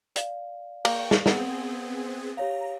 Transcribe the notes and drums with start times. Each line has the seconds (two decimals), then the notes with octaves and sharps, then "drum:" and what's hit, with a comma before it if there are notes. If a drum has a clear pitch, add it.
0.16 D5 F5, drum: hi-hat
0.85 A#3 G5 C#6, drum: cymbal
1.11 drum: snare
1.26 B3 C4 G#4 F#5, drum: snare
2.37 G4 C#5 F5 A#5